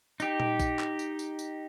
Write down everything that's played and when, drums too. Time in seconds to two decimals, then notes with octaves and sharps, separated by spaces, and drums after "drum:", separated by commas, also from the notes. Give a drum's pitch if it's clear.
0.20 D#4 G4, drum: tambourine
0.40 drum: tom A#2
0.59 drum: kick A1, tambourine
0.79 drum: clap
0.99 drum: tambourine
1.19 drum: tambourine
1.39 drum: tambourine